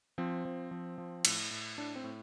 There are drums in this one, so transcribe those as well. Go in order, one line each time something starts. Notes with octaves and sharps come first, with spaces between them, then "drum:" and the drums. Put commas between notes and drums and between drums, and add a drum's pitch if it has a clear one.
F3 C4
F3
F3
F3
A2, drum: cymbal
A2
A2 D4
C4
A2